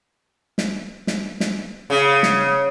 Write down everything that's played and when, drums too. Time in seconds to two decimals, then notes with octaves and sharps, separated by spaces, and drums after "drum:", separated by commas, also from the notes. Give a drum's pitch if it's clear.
0.58 drum: snare
1.07 drum: snare
1.40 drum: snare
1.90 C#3
2.23 drum: snare